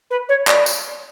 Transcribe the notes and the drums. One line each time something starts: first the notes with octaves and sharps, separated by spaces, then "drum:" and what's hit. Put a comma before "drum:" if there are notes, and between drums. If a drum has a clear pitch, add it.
B4
C#5
D5, drum: clap
drum: tambourine